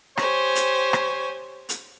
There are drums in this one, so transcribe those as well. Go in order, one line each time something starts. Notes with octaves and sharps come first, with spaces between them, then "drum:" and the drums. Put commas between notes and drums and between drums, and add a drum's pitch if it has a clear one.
G4 C5 C#5 G#5, drum: rim click
drum: hi-hat
drum: rim click
drum: hi-hat